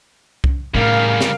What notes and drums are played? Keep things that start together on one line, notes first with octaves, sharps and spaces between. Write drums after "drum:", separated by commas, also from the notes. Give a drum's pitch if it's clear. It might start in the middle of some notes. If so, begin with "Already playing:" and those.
drum: kick C2
A2 C#3 G3 A#4 F5
drum: snare